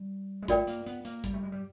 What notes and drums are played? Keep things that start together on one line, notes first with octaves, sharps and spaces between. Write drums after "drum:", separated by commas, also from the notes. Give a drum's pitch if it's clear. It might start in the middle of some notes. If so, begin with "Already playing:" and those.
Already playing: G3
G#3
A3 F4 A#4 D5 G5, drum: kick, hi-hat
A#3, drum: hi-hat
B3, drum: hi-hat
A#3, drum: hi-hat
G3, drum: kick
A3
G#3
G3